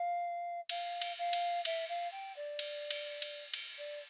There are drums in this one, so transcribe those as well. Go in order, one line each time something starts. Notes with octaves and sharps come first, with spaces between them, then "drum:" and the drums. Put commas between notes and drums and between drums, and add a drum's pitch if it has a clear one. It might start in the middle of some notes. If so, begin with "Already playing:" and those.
Already playing: F5
F5, drum: cymbal
drum: cymbal
F5
drum: cymbal
E5, drum: cymbal
F5
G5
D5
drum: cymbal
drum: cymbal
drum: cymbal
drum: cymbal
D5